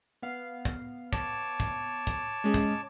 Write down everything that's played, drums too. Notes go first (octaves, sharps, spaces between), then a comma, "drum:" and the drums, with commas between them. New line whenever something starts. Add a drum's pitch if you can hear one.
B3 F5
drum: kick
C#5 A5 D6, drum: kick
drum: kick
drum: kick
G#3 C#4 G#4
drum: kick